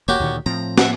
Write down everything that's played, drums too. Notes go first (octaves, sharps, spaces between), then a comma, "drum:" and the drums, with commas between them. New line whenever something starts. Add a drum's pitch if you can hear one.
D#1 A#3 F#4 G4 C#5
D2 A#2 D#3
A2 F3 C4 A#5
E5 F#5, drum: snare